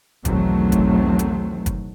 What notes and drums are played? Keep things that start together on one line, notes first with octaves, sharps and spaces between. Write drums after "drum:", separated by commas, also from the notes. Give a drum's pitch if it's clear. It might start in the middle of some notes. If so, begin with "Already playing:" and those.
B1 E2 D#3 F#3 A3 C4, drum: kick, hi-hat
drum: kick, hi-hat
drum: hi-hat
drum: kick, hi-hat